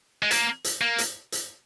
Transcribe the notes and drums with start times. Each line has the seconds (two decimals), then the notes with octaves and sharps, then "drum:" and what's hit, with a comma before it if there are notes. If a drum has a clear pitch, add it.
0.23 G#3
0.31 A#3, drum: hi-hat
0.64 drum: hi-hat
0.81 A#3
0.98 drum: hi-hat
1.32 drum: hi-hat